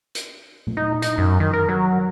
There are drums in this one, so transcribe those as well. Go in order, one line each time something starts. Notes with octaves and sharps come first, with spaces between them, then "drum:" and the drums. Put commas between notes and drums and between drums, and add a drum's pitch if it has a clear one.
drum: hi-hat
drum: tom A#2
D#4
D#4, drum: hi-hat
F#2
D#3
A#4
F#3